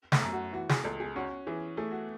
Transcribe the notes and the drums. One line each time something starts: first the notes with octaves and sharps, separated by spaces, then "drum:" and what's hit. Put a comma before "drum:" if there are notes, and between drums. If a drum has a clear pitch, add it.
A3, drum: snare
F#2
F#4
E3 F#4
G#4, drum: snare
C#2 A4
G#4
C#4 F#4
E3 G#4
A3 G#4
F#4